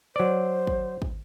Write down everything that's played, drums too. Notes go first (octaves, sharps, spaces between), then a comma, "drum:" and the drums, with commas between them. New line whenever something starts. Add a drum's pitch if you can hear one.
F#3 C5 D5
drum: kick
drum: kick